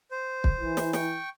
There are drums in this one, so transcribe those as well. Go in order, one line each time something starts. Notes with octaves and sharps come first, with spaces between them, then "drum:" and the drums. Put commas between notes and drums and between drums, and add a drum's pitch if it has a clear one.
C5
drum: kick
E3
drum: snare
G5 C#6, drum: snare